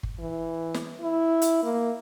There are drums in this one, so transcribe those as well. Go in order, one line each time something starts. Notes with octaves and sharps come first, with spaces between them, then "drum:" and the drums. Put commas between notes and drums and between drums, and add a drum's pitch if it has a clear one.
drum: kick G1
E3
drum: snare
E4
drum: hi-hat
A#3